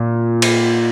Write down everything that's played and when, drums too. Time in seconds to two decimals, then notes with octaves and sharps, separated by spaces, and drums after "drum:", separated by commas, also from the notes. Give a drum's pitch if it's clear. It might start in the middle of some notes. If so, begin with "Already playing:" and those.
Already playing: A#2
0.42 drum: cymbal